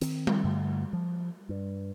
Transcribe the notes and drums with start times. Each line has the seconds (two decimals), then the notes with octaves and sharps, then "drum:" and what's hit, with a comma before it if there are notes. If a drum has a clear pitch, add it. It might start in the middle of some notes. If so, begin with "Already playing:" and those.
0.01 D#3 C4, drum: hi-hat
0.27 drum: tom G3
0.44 G2 D3 G3 A3
0.93 F3
1.49 G2